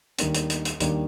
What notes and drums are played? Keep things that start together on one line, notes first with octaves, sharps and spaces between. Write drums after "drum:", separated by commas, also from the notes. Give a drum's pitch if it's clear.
D#2 D#3 G3 A#3 D4, drum: hi-hat
drum: hi-hat
drum: hi-hat
drum: hi-hat
D#2 D#3 G3 A#3 D4, drum: hi-hat